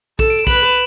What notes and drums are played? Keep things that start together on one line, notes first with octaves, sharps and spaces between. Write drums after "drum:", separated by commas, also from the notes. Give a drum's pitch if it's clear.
A4 E7, drum: kick A#1, tambourine
D7, drum: tambourine
E7
B4 F#7, drum: kick A#1, tambourine
F#7
E7